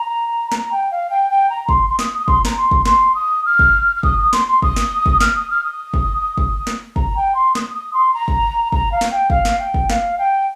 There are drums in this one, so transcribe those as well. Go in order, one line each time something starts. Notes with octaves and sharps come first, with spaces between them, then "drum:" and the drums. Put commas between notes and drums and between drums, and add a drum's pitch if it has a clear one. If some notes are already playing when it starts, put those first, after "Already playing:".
Already playing: A#5
A#5, drum: snare
G5
F5
G5
G5
A#5
C6, drum: kick
C6
D#6, drum: snare
D#6
C6, drum: kick
A#5, drum: snare
C6
drum: kick
C6, drum: snare
D#6
F6
drum: kick
F6
D#6, drum: kick
D#6
C6, drum: snare
C6
D#6, drum: kick
drum: snare
drum: kick
F6, drum: snare
D#6
F6
D#6
drum: kick
drum: kick
drum: snare
A#5, drum: kick
G5
C6
D#6, drum: snare
D#6
C6
A#5
drum: kick
A#5, drum: kick
F5
drum: snare
G5
F5, drum: kick
drum: snare
G5
drum: kick
F5, drum: snare
G5